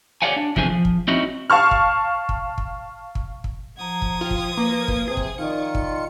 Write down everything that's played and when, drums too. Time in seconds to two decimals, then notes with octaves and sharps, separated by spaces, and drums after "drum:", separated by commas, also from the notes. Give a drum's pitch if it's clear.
0.22 G4 C#5 D5 F5 F#5 G#5
0.36 D4
0.56 E2 C3 F3 G#4 C5 G#5, drum: kick
0.70 F3
0.85 drum: kick
1.08 C4 C#4 D#4 E4 F#4
1.50 F5 A5 C#6 F6
1.71 drum: kick
2.29 drum: kick
2.58 drum: kick
3.15 drum: kick
3.44 drum: kick
3.77 F3 F#5 A#5 D#6 G#6
4.02 drum: kick
4.21 F4 G5
4.31 drum: kick
4.57 A#3 B4
4.88 drum: kick
5.08 C3 G#4
5.17 drum: kick
5.38 D#3 D#4 F4 D5 C#7
5.75 drum: kick